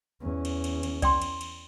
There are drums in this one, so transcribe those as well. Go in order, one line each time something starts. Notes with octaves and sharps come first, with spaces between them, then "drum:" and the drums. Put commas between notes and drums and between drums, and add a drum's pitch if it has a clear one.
E2 C#4
drum: cymbal
drum: cymbal
drum: cymbal
D5 G5 C6, drum: kick C2, cymbal
drum: cymbal
drum: cymbal